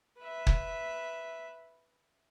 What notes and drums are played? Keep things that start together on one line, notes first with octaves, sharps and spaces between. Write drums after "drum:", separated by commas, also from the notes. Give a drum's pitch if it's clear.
B4 E5
drum: kick